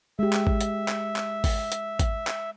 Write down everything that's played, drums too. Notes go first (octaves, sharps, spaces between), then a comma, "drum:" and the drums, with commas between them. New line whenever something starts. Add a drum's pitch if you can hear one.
G#3 G4 E5
drum: clap
drum: kick G#1
drum: hi-hat
drum: clap
drum: clap
drum: kick G#1, open hi-hat
drum: hi-hat
drum: kick G#1, hi-hat
drum: clap